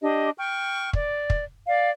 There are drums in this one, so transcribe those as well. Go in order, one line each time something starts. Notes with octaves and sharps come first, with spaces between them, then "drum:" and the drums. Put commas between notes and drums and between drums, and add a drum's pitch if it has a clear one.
D4 G4 D#5
G5 C#6 F6
D5, drum: kick
drum: kick
D5 F5